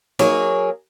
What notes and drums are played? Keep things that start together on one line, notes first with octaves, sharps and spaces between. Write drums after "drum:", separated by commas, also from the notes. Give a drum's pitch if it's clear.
F#3 A#3 G#4 C#5, drum: snare